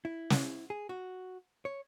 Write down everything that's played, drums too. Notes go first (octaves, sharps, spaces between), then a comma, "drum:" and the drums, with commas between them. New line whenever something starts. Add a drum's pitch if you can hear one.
E4
drum: snare
G#4
F#4
C#5